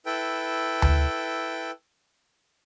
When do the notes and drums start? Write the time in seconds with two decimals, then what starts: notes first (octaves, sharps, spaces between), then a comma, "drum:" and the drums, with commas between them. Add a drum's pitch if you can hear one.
0.06 E4 A4 B4 G5
0.82 drum: tom D2